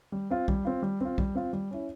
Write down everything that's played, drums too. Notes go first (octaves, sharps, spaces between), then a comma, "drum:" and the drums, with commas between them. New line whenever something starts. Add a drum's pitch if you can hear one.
G3
C4 F4
G3, drum: kick B1
C4 F4
G3
C4 F4
G3, drum: kick B1
C4 F4
G3
C#4 E4